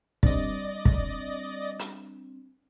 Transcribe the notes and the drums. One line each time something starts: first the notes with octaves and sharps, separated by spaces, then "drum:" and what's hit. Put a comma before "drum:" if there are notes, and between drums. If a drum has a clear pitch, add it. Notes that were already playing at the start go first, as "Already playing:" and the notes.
G3 C4 D4 D5 D#5, drum: kick
drum: kick
drum: hi-hat